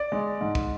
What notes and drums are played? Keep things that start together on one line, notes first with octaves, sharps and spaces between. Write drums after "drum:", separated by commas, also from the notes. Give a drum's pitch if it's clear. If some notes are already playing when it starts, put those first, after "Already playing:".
Already playing: D5
G#3
G#2
drum: kick